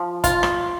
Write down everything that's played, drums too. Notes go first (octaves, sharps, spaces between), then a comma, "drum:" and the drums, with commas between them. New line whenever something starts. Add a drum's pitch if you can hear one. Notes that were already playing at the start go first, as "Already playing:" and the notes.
Already playing: F3
F4, drum: kick, hi-hat
drum: rim click